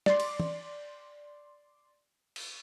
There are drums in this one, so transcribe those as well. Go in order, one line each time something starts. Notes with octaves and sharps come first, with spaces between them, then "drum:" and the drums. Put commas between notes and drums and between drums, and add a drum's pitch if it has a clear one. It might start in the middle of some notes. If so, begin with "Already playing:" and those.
D5 C6, drum: snare
drum: cymbal
drum: tom
drum: cymbal